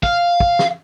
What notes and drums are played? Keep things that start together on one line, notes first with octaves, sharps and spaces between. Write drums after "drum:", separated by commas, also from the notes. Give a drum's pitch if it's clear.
F5, drum: kick
drum: kick
drum: snare